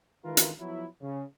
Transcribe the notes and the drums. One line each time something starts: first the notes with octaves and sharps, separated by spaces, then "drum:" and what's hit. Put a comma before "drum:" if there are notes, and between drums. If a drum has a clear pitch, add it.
D#3 E3 G#3 F4 A#4 B4
drum: hi-hat
F3 F#3 B3 E4
C#3